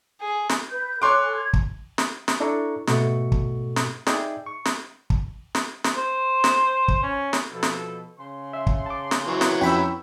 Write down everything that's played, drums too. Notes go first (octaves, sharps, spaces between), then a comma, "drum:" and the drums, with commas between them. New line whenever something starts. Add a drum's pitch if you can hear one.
G#4
drum: snare
B4 G6
A4 C#5 G#5 C6 D6 F#6
G#6
drum: kick
drum: snare
drum: snare
D4 E4 A4 A#5 C#6
G#2 B2 A3 F#4 A4 C#6, drum: snare
drum: kick
drum: snare
D#4 G#4 D5 E5 G5, drum: snare
C#6
drum: snare
drum: kick
drum: snare
drum: snare
C5
drum: snare
drum: kick
C#4
drum: snare
B2 F3 A4
drum: snare
C#3 C6
E5
drum: kick
A5 D6
drum: snare
E3 F#3
drum: snare
F2 C#4 G5 B5 E6